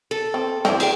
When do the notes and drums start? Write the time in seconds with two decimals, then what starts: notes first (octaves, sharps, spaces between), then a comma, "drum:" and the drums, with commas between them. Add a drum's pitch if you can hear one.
0.11 A4
0.34 C4
0.65 G2 E3 C4, drum: snare
0.80 G#4 G5, drum: cymbal